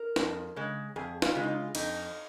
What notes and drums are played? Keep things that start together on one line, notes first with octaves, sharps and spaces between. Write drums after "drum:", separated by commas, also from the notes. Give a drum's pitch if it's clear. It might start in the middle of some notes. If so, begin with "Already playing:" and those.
Already playing: A#4
F2, drum: snare
C#3 G#3
F2 G#4
F4, drum: snare
C#3 G#3
D#4
F4
F2 D#4, drum: cymbal